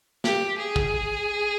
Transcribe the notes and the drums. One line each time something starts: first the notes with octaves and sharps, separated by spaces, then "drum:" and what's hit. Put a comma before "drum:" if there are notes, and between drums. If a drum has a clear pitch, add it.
G4, drum: snare
G#4
drum: kick